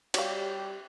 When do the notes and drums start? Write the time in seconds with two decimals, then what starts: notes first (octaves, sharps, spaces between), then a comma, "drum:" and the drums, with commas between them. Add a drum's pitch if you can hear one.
0.14 G3 F#4 G4 C#5 D5 F5, drum: cymbal